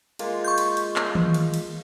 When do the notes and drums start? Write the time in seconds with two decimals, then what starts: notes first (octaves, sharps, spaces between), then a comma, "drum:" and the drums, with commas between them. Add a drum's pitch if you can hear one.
0.19 G#3 A#3 F4, drum: cymbal
0.44 C#6 G6
0.58 drum: cymbal
0.77 drum: cymbal
0.96 drum: clap
1.15 drum: tom D#3
1.34 drum: cymbal
1.54 drum: cymbal